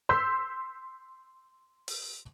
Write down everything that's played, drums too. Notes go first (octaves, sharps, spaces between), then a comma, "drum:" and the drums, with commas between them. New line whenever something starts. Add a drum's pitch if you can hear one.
C6 E6 G6 B6
drum: open hi-hat